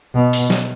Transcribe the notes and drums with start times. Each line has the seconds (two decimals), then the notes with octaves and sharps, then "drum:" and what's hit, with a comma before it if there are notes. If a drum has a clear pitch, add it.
0.15 B2
0.33 drum: open hi-hat
0.50 drum: snare